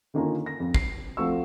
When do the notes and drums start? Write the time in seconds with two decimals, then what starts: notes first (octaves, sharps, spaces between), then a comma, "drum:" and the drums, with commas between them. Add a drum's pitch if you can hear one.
0.14 D3 D#3 A#3 C#4 F4 A#4
0.46 A#6
0.60 F2
0.74 C7, drum: kick
1.17 F3 A3 C4 F#4 C#6 E6